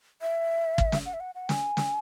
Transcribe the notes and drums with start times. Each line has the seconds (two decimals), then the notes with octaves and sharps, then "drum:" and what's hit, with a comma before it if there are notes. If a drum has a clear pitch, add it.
0.22 E5
0.78 drum: kick
0.92 drum: snare
1.06 F#5
1.13 E5
1.20 F#5
1.35 F#5
1.49 G#5, drum: snare
1.77 drum: snare